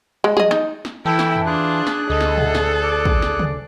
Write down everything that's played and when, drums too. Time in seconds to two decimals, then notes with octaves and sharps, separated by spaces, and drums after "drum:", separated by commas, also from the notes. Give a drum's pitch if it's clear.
0.24 G#3
0.37 G#4 D#5, drum: tom
0.51 D#4, drum: snare
0.85 drum: snare
1.05 E3 E4 A4 G5
1.19 drum: snare
1.36 drum: tom E2
1.46 D4 F4 G#4 F#6
1.87 drum: snare
2.10 D2 A4 D#5
2.21 drum: snare
2.38 drum: tom
2.55 drum: snare
2.83 D5
3.05 drum: kick
3.22 drum: snare
3.39 drum: tom